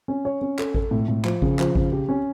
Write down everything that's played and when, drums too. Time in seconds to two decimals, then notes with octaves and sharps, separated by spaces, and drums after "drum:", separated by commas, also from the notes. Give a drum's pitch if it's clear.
0.08 C#4
0.25 C#5
0.41 C#4
0.59 A4, drum: clap
0.75 A4, drum: kick G#1
0.91 A2
1.08 A2
1.25 F3, drum: clap
1.42 C#3, drum: kick G#1
1.59 F3, drum: clap
1.76 C#3, drum: kick G#1
1.92 G4
2.09 C#4